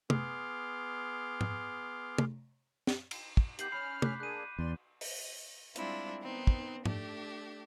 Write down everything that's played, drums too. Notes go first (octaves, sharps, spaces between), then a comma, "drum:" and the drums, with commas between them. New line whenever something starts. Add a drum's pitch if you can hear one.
B3 G#4 C6 D6 F6, drum: tom
drum: tom G#2
drum: tom
drum: snare
drum: cymbal
drum: kick
D#3 B3 G4 G6 C7 F#7, drum: hi-hat
C#4 B5 F6 C7
D6 F#6 B6, drum: tom
A#3 D4 G#4 F#6 D#7
E2 D5 C6
drum: open hi-hat
G3 G#3 C4 D4 E4 F4, drum: hi-hat
D#3 B3 C4 D#4
drum: kick
A3 D4 G4, drum: tom G#2